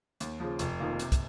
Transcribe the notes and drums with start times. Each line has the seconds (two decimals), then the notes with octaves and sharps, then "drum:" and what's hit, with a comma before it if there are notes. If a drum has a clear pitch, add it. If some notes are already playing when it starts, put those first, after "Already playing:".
0.20 D#2, drum: hi-hat
0.40 C#3 F3
0.59 F1, drum: hi-hat
0.80 F2 D#3 A#3 F4
0.99 C3, drum: hi-hat
1.12 drum: kick, hi-hat